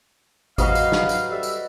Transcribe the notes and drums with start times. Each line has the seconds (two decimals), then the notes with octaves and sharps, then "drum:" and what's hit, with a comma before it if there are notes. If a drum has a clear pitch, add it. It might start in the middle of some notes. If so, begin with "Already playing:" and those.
0.58 F#3 F#4 B4 D#5 F5, drum: kick G#1, tambourine
0.75 drum: tambourine
0.92 drum: snare
1.09 drum: tambourine
1.31 G3 A4 E5
1.43 drum: tambourine